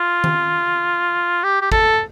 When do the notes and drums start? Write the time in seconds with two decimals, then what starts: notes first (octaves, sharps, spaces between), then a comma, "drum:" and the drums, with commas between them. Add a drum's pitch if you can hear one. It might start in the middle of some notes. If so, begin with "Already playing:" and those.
Already playing: F4
0.24 drum: tom D#3
1.43 G4
1.61 G4
1.72 A4, drum: kick